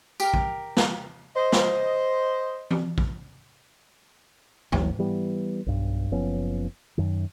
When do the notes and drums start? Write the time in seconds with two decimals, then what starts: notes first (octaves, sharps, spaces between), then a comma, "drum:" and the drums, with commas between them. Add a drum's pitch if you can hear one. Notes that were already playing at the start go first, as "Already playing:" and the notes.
0.20 G4 A#4, drum: tambourine
0.34 drum: kick
0.77 drum: snare
1.35 C5 D#5
1.52 drum: snare
2.71 drum: tom E3
2.98 drum: kick
4.72 G1 D2 E3 F#3, drum: tom
4.99 E3 G3 B3
5.66 B1 G2
6.11 F#1 F3 B3 C#4
6.97 F#2 D#3